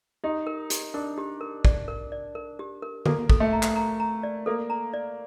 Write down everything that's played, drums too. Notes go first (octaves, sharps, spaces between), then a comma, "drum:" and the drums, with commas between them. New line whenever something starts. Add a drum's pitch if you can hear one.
D#4 G4
A#4
G4, drum: hi-hat
D4 A#4
G4
A#4
D5, drum: kick
A#4
D5
A#4
G4
A#4
A#3 A4, drum: tom D3
A4, drum: kick
A3
A#5
drum: clap
A#5
A#5
D5
A#3 A4
A#5
D5